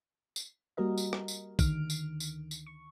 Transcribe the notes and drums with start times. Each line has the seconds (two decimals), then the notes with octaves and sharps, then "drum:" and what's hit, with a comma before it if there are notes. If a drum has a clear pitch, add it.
0.36 drum: tambourine
0.77 G3 A#3 F#4 A#4 D#5
0.97 drum: tambourine
1.13 drum: rim click
1.28 drum: tambourine
1.59 D2 D3 D#3 F6 D7, drum: kick, tambourine
1.90 drum: tambourine
2.20 drum: tambourine
2.51 drum: tambourine
2.66 C#6